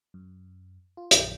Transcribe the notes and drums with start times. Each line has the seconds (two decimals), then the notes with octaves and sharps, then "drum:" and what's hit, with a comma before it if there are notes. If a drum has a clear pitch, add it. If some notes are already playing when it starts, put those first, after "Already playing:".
0.14 F#2
0.97 F4
1.11 A#1 F#2 D#3 F#3 G4 G6, drum: hi-hat